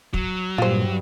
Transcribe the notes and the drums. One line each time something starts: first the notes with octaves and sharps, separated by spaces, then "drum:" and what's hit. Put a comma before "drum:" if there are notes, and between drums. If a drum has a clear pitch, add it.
F#3, drum: kick
G2 A#2 G3 F4 C5